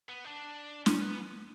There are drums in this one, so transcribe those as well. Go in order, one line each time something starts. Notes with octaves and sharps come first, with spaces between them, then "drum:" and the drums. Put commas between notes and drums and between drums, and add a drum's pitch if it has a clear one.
B3
D4
C#4, drum: snare
B3